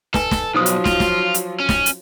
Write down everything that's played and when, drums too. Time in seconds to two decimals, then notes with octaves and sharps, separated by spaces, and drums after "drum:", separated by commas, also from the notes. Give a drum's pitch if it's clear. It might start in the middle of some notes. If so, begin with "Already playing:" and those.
0.14 A4 B4 G#5 A5, drum: snare
0.31 drum: snare
0.54 B1 F3 F#3 D#4 C5 D#6
0.66 drum: hi-hat
0.85 F4, drum: snare
1.00 drum: snare
1.34 drum: hi-hat
1.60 C#4
1.69 drum: snare
1.86 drum: hi-hat